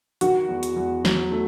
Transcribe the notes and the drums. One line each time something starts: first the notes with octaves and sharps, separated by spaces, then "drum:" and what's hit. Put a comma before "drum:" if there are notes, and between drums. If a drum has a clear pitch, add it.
D#3 F#4, drum: hi-hat
E2
drum: hi-hat
E2
F#3, drum: snare
A3